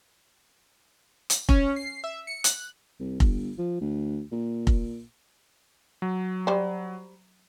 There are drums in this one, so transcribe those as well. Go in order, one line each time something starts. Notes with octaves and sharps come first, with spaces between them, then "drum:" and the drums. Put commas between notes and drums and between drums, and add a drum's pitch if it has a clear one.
drum: hi-hat
C#4, drum: kick F1
C7
E5
C#7
F#6, drum: hi-hat
C2
G1, drum: kick F1
F3
D2
A#2
drum: kick F1
F#3
G3 C5